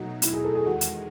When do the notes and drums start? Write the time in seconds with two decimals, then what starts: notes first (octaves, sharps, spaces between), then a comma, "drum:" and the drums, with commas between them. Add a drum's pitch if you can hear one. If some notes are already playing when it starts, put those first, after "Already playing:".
Already playing: B2 F#3 A3 D#4 F#4
0.22 E4, drum: hi-hat
0.33 G#4
0.44 A4
0.55 G#4
0.66 E2 D#3 G#3 F#4
0.81 drum: hi-hat